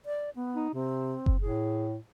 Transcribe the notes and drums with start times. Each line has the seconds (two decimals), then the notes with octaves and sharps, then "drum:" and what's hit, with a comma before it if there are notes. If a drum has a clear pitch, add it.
0.06 D5
0.36 B3
0.55 D#4
0.74 C3 C4
1.26 drum: kick F#1
1.41 A2 G#4